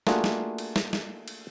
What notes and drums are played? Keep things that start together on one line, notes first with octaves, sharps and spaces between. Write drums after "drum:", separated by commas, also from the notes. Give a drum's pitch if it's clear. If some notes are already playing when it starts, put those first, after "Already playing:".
A3 A#3 D4 F4 F#4 G#4, drum: snare
drum: snare
drum: cymbal
drum: snare
drum: snare
drum: cymbal